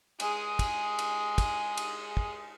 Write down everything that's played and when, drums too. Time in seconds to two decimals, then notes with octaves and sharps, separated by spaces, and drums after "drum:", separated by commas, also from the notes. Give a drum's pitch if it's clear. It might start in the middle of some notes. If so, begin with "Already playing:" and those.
0.20 G#3 G#4, drum: cymbal
0.59 drum: kick, cymbal
0.99 drum: cymbal
1.38 drum: kick, cymbal
1.77 drum: cymbal
2.17 drum: kick